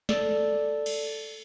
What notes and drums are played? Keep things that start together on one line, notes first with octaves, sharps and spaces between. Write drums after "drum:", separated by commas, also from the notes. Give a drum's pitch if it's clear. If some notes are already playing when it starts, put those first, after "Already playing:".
A4 D5, drum: snare
drum: cymbal